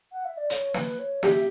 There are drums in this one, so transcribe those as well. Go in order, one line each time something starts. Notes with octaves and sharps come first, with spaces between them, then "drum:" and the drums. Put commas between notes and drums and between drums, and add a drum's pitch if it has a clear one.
F#5
E5
D5
C#5, drum: hi-hat
B4, drum: snare
C#5
G4 E5, drum: snare